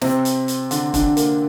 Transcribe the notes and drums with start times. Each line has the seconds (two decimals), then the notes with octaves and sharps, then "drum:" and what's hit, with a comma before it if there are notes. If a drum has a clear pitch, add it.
0.01 C3 C4, drum: snare
0.25 drum: hi-hat
0.48 drum: hi-hat
0.71 D3 D4, drum: hi-hat
0.94 D3 D4, drum: kick, hi-hat
1.17 A#3, drum: hi-hat